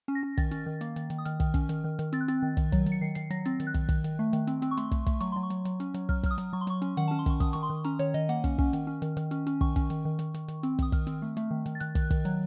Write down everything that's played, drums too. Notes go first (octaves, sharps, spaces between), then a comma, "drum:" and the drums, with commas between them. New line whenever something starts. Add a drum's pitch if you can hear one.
C#4
A#6
C#4
D#3 A6, drum: kick, hi-hat
C#4, drum: hi-hat
D#3
A#3, drum: hi-hat
D#3, drum: hi-hat
D#3, drum: hi-hat
D#6
D#3 F6, drum: hi-hat
D#3, drum: kick, hi-hat
C#4, drum: kick, hi-hat
D#3, drum: hi-hat
D#3
D#3, drum: hi-hat
C4 A6, drum: hi-hat
F#6
C4 A6, drum: hi-hat
D#3
D#3, drum: kick, hi-hat
F#3, drum: kick, hi-hat
F#3, drum: hi-hat
C#7
D#3 C7
D#3 C7, drum: hi-hat
F#3 A#6, drum: hi-hat
C4 A6, drum: hi-hat
D#3, drum: hi-hat
F#6
D#3, drum: kick, hi-hat
D#3, drum: kick, hi-hat
D#3, drum: hi-hat
A3
D#3, drum: hi-hat
C4, drum: hi-hat
C4, drum: hi-hat
C#6
A3 C6, drum: hi-hat
A3, drum: kick, hi-hat
A3, drum: kick, hi-hat
F#3 C#6, drum: hi-hat
F#3 C6
C#6
F#3, drum: hi-hat
F#3, drum: hi-hat
C#4, drum: hi-hat
F#3, drum: hi-hat
F#3 F6, drum: kick
F#3 F6, drum: kick, hi-hat
D#6
F#3, drum: hi-hat
F#3 C#6
C6
F#3 C#6, drum: hi-hat
C#4, drum: hi-hat
D#3 F#5, drum: hi-hat
C#4 A5
C6
D#3 C#6, drum: kick, hi-hat
D#3 D#6, drum: kick, hi-hat
D#3 C#6, drum: hi-hat
C6
D#3
C#4 A#5, drum: hi-hat
D#3 C#5, drum: hi-hat
D#3 D#5, drum: hi-hat
A#3 F#5, drum: hi-hat
C#4, drum: kick, hi-hat
C#4, drum: kick
D#3, drum: hi-hat
C#4
D#3, drum: hi-hat
D#3, drum: hi-hat
C#4, drum: hi-hat
C#4, drum: hi-hat
D#3 C#6, drum: kick
C#4, drum: kick, hi-hat
D#3, drum: hi-hat
D#3
D#3, drum: hi-hat
D#3, drum: hi-hat
D#3, drum: hi-hat
C4, drum: hi-hat
D#3 D#6, drum: kick, hi-hat
D#3 F6, drum: kick, hi-hat
C4, drum: hi-hat
A3
A3, drum: hi-hat
D#3
D#3, drum: hi-hat
A6
D#3 F#6, drum: hi-hat
D#3, drum: kick, hi-hat
D#3, drum: kick, hi-hat
F#3, drum: hi-hat